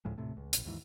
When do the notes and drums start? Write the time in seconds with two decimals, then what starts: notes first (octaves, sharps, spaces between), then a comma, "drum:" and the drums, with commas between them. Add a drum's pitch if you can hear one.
0.05 D2 A2 F3 G#3
0.18 D#1 A2 C3 A3
0.37 C#2
0.53 F1 A#1, drum: hi-hat
0.65 D#2 G#2 E3